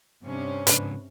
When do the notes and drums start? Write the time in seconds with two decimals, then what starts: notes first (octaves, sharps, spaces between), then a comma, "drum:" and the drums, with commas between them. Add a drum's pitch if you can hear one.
0.24 G2 C3 C#4
0.67 G#2 C#3 D4 B4, drum: hi-hat